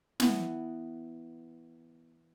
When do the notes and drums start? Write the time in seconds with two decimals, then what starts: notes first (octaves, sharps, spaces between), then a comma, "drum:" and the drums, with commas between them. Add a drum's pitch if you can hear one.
0.20 E3 B3, drum: snare